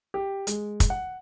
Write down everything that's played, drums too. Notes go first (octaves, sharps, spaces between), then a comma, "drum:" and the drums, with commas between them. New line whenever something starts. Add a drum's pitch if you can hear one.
G4
G#3, drum: hi-hat
drum: kick, hi-hat
F#5